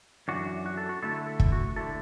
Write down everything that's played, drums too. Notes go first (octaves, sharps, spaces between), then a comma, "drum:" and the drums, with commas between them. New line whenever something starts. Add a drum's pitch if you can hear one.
F#2 E3 D4 F#4
F#4
A4
F#4
D3 A3 E4 A4
A4
drum: kick
F#4
D3 A3 E4 A4